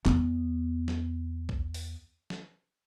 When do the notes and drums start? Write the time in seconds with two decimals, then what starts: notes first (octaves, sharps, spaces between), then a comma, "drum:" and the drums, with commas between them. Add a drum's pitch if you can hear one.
0.06 E2 B3, drum: clap
0.88 drum: snare
1.49 drum: kick
1.74 drum: open hi-hat
2.30 drum: snare